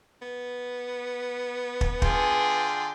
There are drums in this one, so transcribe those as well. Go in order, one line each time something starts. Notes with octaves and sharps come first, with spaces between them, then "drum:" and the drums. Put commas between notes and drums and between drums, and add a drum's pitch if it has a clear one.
B3
drum: kick
D3 F4 G#4 G5, drum: kick